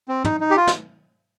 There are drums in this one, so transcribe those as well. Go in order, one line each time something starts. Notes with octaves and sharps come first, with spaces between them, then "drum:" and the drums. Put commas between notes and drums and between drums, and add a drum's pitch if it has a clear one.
C4
D#4, drum: tom
D#4
G4
F4
drum: snare